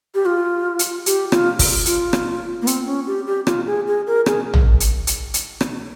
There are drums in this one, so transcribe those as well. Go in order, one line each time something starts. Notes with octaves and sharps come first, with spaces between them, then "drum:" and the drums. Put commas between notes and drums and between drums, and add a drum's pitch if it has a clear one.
G4
F4
drum: hi-hat
G4, drum: hi-hat
F4, drum: rim click
drum: kick, open hi-hat
F4, drum: hi-hat
drum: rim click
A#3
C4, drum: hi-hat
C#4
G4
G4
F4, drum: rim click
G#4
G#4
A#4
G#4, drum: rim click
drum: tom
drum: hi-hat
drum: hi-hat
drum: hi-hat
drum: rim click